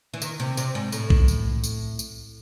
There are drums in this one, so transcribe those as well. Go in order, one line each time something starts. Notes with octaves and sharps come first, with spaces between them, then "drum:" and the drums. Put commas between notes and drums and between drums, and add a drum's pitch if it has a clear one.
E3
D#3, drum: tambourine
C3
C3, drum: tambourine
G#2
A2, drum: tambourine
drum: kick B1
drum: tambourine
drum: tambourine
drum: tambourine